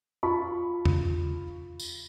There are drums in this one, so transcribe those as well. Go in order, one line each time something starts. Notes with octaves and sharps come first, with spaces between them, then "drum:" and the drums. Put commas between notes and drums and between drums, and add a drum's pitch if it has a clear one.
F4 B5 C#6
drum: tom
drum: tambourine